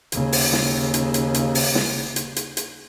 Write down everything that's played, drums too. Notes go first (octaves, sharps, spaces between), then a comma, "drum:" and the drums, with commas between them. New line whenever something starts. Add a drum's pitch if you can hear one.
D#2 C#3, drum: hi-hat
drum: open hi-hat
drum: snare
drum: hi-hat
drum: hi-hat
drum: hi-hat
drum: open hi-hat
drum: snare
drum: hi-hat
drum: hi-hat
drum: hi-hat